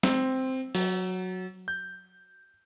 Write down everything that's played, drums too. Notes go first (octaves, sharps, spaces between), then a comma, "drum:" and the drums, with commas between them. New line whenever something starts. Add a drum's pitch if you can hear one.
C4, drum: snare
F#3, drum: open hi-hat
G6